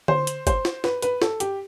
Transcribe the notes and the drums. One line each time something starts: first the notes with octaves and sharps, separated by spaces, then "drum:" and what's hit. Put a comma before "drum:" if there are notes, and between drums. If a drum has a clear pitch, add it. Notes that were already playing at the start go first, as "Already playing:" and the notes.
C5, drum: tom D3
drum: hi-hat
C5, drum: kick, hi-hat
drum: snare
B4, drum: snare
B4, drum: hi-hat
A4, drum: snare
G4, drum: hi-hat